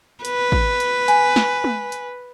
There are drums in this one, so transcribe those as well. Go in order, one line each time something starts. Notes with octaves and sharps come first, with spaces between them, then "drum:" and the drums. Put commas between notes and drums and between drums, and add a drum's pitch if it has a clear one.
B4, drum: hi-hat
drum: kick
drum: hi-hat
G#5, drum: hi-hat
drum: snare
drum: tom
drum: hi-hat